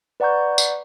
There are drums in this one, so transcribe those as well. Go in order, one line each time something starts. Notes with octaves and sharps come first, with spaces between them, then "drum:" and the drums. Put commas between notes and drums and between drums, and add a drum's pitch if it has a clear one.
B4 D5 F#5 A#5 C#6 G6
drum: tambourine